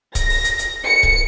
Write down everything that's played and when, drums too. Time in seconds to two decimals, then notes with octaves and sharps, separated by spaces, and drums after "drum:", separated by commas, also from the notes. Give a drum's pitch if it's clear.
0.15 A#6, drum: kick C#1, hi-hat
0.30 drum: open hi-hat
0.44 drum: hi-hat
0.59 drum: hi-hat
0.85 C#7
1.03 drum: kick C#1